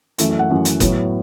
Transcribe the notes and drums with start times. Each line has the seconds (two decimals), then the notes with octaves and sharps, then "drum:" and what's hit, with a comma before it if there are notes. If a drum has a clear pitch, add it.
0.18 F#2 E3 A3 E5, drum: hi-hat
0.30 E5
0.39 F#5
0.50 F#2 E3 A3
0.65 drum: hi-hat
0.80 A2 F#3 B3, drum: kick F#1, hi-hat